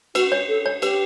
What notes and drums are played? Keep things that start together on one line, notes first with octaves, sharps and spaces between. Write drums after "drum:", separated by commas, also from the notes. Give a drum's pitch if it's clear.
F#4 B4, drum: cymbal
C#5
A4
C#5
G4 B4, drum: cymbal